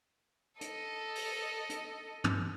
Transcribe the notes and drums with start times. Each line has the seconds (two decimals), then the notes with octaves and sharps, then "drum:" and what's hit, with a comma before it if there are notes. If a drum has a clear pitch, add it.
0.61 A4 D#5, drum: hi-hat
1.15 drum: open hi-hat
1.70 drum: hi-hat
2.24 drum: tom